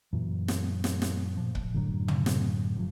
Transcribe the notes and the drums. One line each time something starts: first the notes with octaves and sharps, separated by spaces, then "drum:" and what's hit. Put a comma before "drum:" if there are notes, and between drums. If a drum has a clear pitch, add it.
F#2 A#2 E3 F#3
drum: snare
drum: snare
drum: snare
A#2 F3
drum: kick C#1
F#2 A2 D3 F#3
drum: tom
drum: snare
G1 F3 F#3